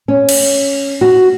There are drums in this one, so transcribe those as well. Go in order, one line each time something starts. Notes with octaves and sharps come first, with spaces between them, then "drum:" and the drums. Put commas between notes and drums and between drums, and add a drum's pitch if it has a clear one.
C#4
drum: cymbal
F#4